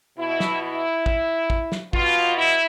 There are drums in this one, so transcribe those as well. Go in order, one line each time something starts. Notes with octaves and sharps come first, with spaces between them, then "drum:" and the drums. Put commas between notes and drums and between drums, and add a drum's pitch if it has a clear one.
B2 E4
drum: snare
E4
drum: kick
drum: kick
drum: snare
B2 F4, drum: kick
E4